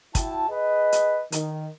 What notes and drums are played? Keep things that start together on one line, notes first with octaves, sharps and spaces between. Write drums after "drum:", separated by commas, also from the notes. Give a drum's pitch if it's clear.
E4 F#4 G5 A5, drum: kick, hi-hat
G#4 B4 D#5
drum: hi-hat
D#3, drum: hi-hat